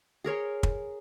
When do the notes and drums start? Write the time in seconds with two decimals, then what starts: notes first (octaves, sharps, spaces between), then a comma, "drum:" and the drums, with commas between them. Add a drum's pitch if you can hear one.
0.24 G#4 A#4 C#5 C6
0.63 drum: kick